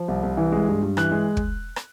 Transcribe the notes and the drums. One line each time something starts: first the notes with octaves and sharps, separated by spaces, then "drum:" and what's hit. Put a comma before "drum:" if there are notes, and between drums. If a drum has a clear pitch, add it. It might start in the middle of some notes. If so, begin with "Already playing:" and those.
Already playing: F3
C2
C2
E3
G#3
G2
G2
E3 F#6, drum: rim click
G#3
drum: kick
drum: rim click